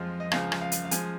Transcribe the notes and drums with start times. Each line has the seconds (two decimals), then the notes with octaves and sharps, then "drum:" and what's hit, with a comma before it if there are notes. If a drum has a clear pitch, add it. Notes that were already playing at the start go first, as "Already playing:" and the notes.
Already playing: F2 F3 G#3 F4
0.20 D#5
0.32 C#2 C#3 F3 F5, drum: rim click
0.52 drum: rim click
0.61 F5
0.72 drum: hi-hat
0.85 F5
0.91 C#3 F3 G#3 G#5, drum: hi-hat